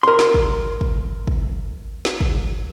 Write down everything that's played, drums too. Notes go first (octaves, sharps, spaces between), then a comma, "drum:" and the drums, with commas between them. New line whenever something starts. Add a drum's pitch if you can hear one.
A#4 C6
drum: snare
drum: kick
drum: kick
drum: kick
drum: snare
drum: kick